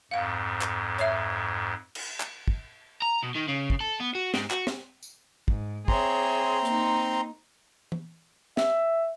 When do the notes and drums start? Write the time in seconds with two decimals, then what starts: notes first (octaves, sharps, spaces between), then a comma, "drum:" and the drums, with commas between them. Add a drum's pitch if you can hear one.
0.11 F2 G#2 F5 F#5
0.61 drum: clap
0.98 C#5 E5, drum: hi-hat
1.95 drum: cymbal
2.20 drum: clap
2.48 drum: kick
3.02 A#5
3.23 B2
3.36 D#3
3.49 C#3
3.70 drum: kick
3.81 A4
4.00 B3
4.15 F#4
4.34 G#2, drum: snare
4.51 F#4, drum: clap
4.67 drum: snare
5.03 drum: tambourine
5.48 G#2, drum: kick
5.88 C4 G#4 C#5 E5 A#5 C6, drum: kick
6.65 A#3 D#4, drum: hi-hat
7.92 drum: tom E3
8.57 E5, drum: snare